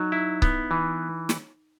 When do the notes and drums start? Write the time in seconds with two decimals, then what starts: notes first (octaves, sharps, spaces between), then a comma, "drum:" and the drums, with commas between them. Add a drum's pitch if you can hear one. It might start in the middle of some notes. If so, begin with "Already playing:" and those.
Already playing: F#3 D#4
0.12 E4
0.42 B3, drum: kick C#1
0.71 E3
1.29 drum: snare